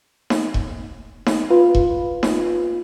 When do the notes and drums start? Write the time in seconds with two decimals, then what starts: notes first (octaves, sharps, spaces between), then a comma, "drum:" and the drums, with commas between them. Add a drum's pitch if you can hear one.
0.30 drum: snare D#4
0.54 drum: kick E1
1.26 drum: snare D#4
1.51 F4 B4
1.75 drum: kick E1
2.23 drum: snare D#4